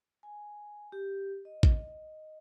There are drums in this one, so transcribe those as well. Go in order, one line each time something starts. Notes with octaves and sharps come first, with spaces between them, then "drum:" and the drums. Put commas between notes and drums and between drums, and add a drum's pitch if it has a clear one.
G#5
G4
D#5
drum: kick A1